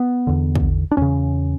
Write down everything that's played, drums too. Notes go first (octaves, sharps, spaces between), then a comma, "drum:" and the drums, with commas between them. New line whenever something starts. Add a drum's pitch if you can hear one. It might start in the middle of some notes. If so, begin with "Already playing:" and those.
Already playing: B3
E2 D3
drum: kick
D4
E2 C#3 C#4